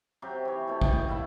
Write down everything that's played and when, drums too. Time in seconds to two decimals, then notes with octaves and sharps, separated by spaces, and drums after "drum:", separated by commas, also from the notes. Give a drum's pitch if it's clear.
0.22 C3 F#3 G4
0.45 E3 C#5
0.68 B2 A3
0.82 B2 D#5 G5, drum: kick A#1
1.08 E4 E5 F5 B5